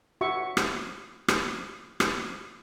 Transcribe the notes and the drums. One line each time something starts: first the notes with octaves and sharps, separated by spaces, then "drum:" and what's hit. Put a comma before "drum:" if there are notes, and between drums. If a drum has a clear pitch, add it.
F#4 E5 C#6
drum: rim click
drum: rim click
drum: rim click